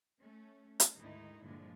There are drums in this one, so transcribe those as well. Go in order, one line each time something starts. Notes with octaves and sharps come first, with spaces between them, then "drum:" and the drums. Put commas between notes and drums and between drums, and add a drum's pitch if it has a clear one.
A3 C#4
drum: hi-hat
D2 G#2 D#3 G#3 D#4 E4
G2 A#2 D3 F3 G#3